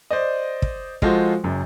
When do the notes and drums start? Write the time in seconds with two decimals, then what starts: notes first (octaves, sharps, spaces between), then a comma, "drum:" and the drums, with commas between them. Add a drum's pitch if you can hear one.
0.11 C5 D5 D#5
0.62 drum: kick
1.02 F3 G#3 F4 F#4 A4 C5, drum: kick
1.44 F#1 F#2